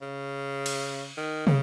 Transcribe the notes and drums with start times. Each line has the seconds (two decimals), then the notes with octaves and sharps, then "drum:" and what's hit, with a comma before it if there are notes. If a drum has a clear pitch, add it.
0.01 C#3
0.66 drum: cymbal
1.17 D#3
1.47 C#3, drum: tom